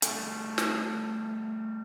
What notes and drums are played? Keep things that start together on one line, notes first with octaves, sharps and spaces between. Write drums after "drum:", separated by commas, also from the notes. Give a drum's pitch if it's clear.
G3 A3, drum: hi-hat
drum: snare